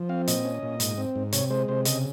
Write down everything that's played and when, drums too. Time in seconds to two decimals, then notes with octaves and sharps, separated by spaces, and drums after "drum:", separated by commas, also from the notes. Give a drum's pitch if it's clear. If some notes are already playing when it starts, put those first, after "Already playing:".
Already playing: F3
0.09 C4 F5
0.27 A#2 D#5, drum: hi-hat
0.45 C#4
0.63 A#2
0.80 G#2, drum: hi-hat
0.98 C4
1.16 G#2
1.32 C3 C#5, drum: hi-hat
1.50 G#3 C5
1.68 C3 C5
1.85 C#3 D#5, drum: hi-hat